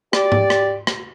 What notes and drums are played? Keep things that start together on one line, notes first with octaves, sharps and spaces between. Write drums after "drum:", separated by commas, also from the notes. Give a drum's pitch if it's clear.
G4 D5, drum: rim click
drum: tom G#2
drum: rim click
drum: rim click